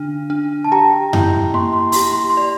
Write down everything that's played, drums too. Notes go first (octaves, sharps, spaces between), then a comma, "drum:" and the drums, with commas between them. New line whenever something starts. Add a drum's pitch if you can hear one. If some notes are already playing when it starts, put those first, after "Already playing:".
Already playing: D3 D4
D4
A5
G4 G5 A#5
E4, drum: tom F#2
A#3 C6
C6
G4 C6, drum: open hi-hat
C6
C6
D5